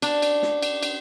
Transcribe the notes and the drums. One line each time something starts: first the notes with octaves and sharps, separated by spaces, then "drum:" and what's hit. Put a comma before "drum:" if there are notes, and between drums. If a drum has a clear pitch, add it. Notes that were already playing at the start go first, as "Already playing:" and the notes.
D4, drum: cymbal
drum: cymbal
drum: snare
drum: cymbal
drum: cymbal